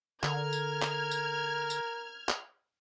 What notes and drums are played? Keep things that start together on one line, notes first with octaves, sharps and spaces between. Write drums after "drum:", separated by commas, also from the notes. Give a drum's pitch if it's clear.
D3 A#4 F6 G#6, drum: clap
drum: tambourine
drum: clap
drum: tambourine
drum: tambourine
drum: clap